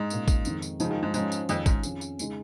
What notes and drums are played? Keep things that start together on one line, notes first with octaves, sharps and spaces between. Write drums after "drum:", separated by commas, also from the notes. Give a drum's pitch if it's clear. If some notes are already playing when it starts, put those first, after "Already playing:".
Already playing: G#2
A#2 A#3 C#4, drum: tambourine
drum: kick, tambourine
F2 D#3 G#3 D#4, drum: tambourine
drum: tambourine
C#3 F3 G#3 D#4, drum: tambourine
D#3
G#2
G#2 F3 G#3 C#4, drum: tambourine
drum: tambourine
F2 D#3 C#4 F4 G#4, drum: tambourine
G#2, drum: kick, tambourine
F2 D#3 C#4 F4 G#4, drum: tambourine
drum: tambourine
C#3 G#3 D#4 G#4, drum: tambourine